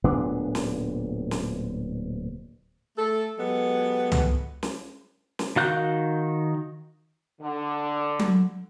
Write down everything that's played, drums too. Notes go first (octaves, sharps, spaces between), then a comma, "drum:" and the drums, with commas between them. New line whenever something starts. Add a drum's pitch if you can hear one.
D1 A#2 B3 D4
drum: snare
drum: snare
A3 A4
F#3 G#3 B3 G4 A4
drum: tom
drum: snare
drum: snare
D#3 F#4 F5 F#6 G6
D3
drum: tom F#3